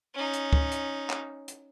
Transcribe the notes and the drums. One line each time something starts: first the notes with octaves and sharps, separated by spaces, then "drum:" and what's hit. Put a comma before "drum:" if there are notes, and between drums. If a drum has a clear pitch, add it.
C#4 D#4
drum: hi-hat
drum: kick C#2
drum: hi-hat
drum: clap
drum: hi-hat